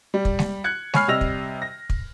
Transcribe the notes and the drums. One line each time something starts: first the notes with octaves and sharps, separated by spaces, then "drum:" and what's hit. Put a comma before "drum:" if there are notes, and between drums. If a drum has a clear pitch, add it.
G3
drum: kick
drum: snare G#3
F#6 G#6 C#7
C#5 G#5 B5 F6 C7, drum: snare G#3
C3 G3 D#5 E6 A#6 F7
drum: kick
A#6
drum: kick